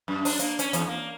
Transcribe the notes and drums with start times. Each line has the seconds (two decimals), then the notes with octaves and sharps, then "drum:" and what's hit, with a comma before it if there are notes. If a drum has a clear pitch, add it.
0.08 F#2
0.25 D4, drum: open hi-hat
0.39 A#3, drum: hi-hat
0.59 C#4, drum: hi-hat
0.73 E2, drum: hi-hat
0.88 A#3